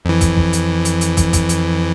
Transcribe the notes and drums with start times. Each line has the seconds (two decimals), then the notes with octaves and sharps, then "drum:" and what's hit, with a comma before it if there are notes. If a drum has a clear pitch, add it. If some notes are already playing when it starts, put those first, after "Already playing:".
0.05 F2 E3
0.21 drum: kick, hi-hat
0.37 drum: kick
0.53 drum: hi-hat
0.85 drum: hi-hat
1.01 drum: hi-hat
1.17 drum: kick, hi-hat
1.33 drum: kick, hi-hat
1.49 drum: hi-hat